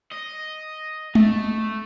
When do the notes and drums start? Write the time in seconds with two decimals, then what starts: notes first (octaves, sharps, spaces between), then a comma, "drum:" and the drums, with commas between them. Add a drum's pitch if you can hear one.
0.12 D#5
1.15 A3, drum: tom G#3